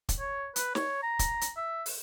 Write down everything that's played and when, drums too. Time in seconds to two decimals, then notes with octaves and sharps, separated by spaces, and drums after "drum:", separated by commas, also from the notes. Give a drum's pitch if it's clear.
0.09 drum: kick, hi-hat
0.20 C#5
0.56 B4, drum: hi-hat
0.75 C#5, drum: snare
1.03 A#5
1.19 drum: kick, hi-hat
1.41 drum: hi-hat
1.57 E5
1.86 drum: open hi-hat